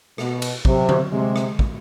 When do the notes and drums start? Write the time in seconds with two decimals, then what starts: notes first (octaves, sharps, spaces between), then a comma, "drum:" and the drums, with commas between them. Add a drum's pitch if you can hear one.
0.18 B2, drum: rim click
0.42 drum: cymbal
0.65 C3 F#3, drum: kick
0.89 drum: tom D3
1.12 C3 G#3
1.36 drum: rim click
1.59 drum: kick